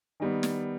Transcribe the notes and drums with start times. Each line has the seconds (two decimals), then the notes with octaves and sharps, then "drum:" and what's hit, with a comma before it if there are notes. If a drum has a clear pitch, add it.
0.20 D#3 G3 B3
0.43 drum: snare